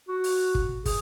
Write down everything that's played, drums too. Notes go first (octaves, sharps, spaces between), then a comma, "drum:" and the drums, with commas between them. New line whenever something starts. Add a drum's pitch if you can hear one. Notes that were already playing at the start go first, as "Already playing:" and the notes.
F#4
drum: open hi-hat
drum: kick
G#4, drum: kick, open hi-hat